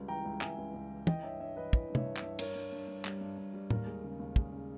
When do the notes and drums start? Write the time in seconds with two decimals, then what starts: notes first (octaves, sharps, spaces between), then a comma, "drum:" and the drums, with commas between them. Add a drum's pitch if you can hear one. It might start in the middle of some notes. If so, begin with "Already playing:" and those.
Already playing: C#2 G3
0.08 E3 G5 A#5
0.25 C#2
0.41 C#2 E5 G#5, drum: clap
0.58 C#2
0.74 C#2
0.91 E3
1.07 E3 D#5 G5, drum: tom
1.23 G2 C#5 E5
1.40 G2 C#5 E5
1.56 E3 B4 D#5
1.73 E3 B4, drum: kick
1.90 G2
1.95 C#5 E5, drum: tom
2.06 G2
2.17 C#5 E5, drum: clap
2.23 G2
2.39 G2 A#4 C#5, drum: cymbal
2.55 G2
2.72 G2
2.88 G2
3.05 G3, drum: clap
3.21 G2
3.38 G2
3.54 G3
3.70 D#2 A#4, drum: tom
3.87 G#3
4.04 C#3
4.19 D#2
4.36 G#3, drum: kick
4.53 C#3